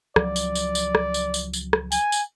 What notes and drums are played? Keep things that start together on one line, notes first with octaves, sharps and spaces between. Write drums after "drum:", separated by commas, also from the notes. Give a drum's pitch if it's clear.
C#2 F3 F#3 D5, drum: rim click
drum: tambourine
drum: tambourine
drum: tambourine
drum: rim click
drum: tambourine
drum: tambourine
drum: tambourine
drum: rim click
G#5, drum: tambourine
drum: tambourine